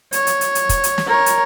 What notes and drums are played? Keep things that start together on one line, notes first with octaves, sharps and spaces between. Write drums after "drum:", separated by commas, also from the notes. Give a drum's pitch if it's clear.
C#5, drum: hi-hat
drum: hi-hat
drum: hi-hat
drum: hi-hat
drum: kick, hi-hat
drum: hi-hat
drum: snare
A#4 C#5
drum: hi-hat